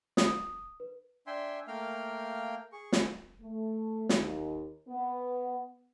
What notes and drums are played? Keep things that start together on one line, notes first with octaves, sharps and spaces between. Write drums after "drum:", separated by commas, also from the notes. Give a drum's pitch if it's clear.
D#6, drum: snare
B4
D4 E5 G5 G#5 C6
A3 A#3 A#4 F5 G5 F6
G#4 C#6
drum: snare
A3
D#2, drum: snare
B3